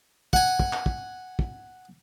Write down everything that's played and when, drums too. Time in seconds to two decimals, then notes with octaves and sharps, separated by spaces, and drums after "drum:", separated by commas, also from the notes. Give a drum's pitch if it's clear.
0.33 F#5 G#5, drum: kick
0.60 drum: kick
0.73 drum: clap
0.86 drum: kick
1.39 drum: kick